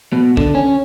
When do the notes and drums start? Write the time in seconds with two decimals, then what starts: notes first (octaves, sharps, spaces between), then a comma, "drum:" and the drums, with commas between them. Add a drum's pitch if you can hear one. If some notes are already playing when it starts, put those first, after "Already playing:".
0.13 B2
0.37 D3, drum: kick
0.55 C#4